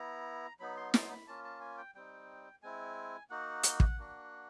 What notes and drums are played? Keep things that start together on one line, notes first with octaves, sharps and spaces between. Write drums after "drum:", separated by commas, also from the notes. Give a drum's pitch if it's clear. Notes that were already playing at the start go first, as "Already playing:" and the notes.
Already playing: B3 E4 A#5
F#3 B3 D#4 B5
C6
C6, drum: snare
B5
A#3 C#4 F4 A5
A5
G#5
G5
G3 C4 D#4 G5
G#3 C4 E4 G#5
A#3 D#4 F#4 F#5
drum: hi-hat
drum: kick
A#3 D4 F#4